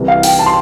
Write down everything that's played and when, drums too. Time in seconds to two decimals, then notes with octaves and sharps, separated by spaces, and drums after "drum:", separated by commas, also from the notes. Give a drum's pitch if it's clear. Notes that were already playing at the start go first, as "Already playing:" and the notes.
Already playing: C2 C3 E3
0.08 F5
0.23 G5, drum: open hi-hat
0.39 A5
0.46 C6